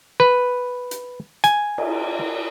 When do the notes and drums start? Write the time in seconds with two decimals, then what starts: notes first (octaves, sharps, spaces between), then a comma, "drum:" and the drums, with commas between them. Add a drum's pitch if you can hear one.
0.20 B4
0.91 drum: hi-hat
1.44 G#5, drum: hi-hat
1.78 drum: cymbal